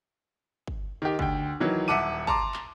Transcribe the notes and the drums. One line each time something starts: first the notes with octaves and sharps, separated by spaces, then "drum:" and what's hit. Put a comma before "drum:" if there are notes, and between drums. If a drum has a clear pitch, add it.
drum: kick
D#3 G4
D2 G5, drum: kick
D#3 E3 F#3
D#1 E5 F#5 A5 D6 D#7
A5 A#5 C6 D6, drum: kick
drum: clap